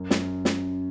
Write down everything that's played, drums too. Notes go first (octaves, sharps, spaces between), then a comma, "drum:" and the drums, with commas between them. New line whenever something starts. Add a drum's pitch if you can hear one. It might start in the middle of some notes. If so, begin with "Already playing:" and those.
Already playing: F#2
F#2, drum: snare
drum: snare